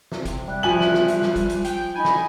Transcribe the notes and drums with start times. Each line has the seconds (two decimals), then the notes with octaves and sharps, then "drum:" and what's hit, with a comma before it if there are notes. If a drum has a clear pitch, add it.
0.12 C3, drum: snare
0.25 drum: kick, hi-hat
0.48 G3 E5 F#6
0.63 F3 G#5 F#7
0.81 drum: snare
0.94 drum: snare
1.08 drum: hi-hat
1.22 drum: snare
1.36 drum: kick, hi-hat
1.50 drum: hi-hat
1.64 G5, drum: hi-hat
1.96 D#4 G#5 B5
2.05 drum: snare